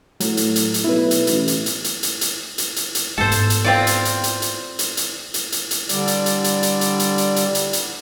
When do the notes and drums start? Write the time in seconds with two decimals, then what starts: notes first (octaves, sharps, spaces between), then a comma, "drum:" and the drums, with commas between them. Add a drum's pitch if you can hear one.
0.20 A2 F#3, drum: hi-hat
0.37 drum: hi-hat
0.56 drum: hi-hat
0.74 drum: hi-hat
0.84 B1 E4 B4
1.11 drum: hi-hat
1.27 A1, drum: hi-hat
1.48 drum: hi-hat
1.66 drum: hi-hat
1.84 drum: hi-hat
2.03 drum: hi-hat
2.21 drum: hi-hat
2.58 drum: hi-hat
2.76 drum: hi-hat
2.95 drum: hi-hat
3.18 G#2 B3 A4 C5
3.32 drum: hi-hat
3.50 drum: hi-hat
3.65 C4 F4 D5
3.87 drum: hi-hat
4.05 drum: hi-hat
4.24 drum: hi-hat
4.42 drum: hi-hat
4.79 drum: hi-hat
4.97 drum: hi-hat
5.34 drum: hi-hat
5.52 drum: hi-hat
5.71 drum: hi-hat
5.89 D3 G3 D5, drum: hi-hat
6.08 drum: hi-hat
6.26 drum: hi-hat
6.44 drum: hi-hat
6.63 drum: hi-hat
6.81 drum: hi-hat
6.99 drum: hi-hat
7.18 drum: hi-hat
7.36 drum: hi-hat
7.55 drum: hi-hat
7.73 drum: hi-hat